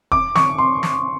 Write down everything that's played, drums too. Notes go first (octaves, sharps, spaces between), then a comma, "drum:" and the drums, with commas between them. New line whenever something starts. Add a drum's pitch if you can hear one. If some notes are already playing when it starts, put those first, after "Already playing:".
D6, drum: kick
C#6, drum: snare
C6
drum: snare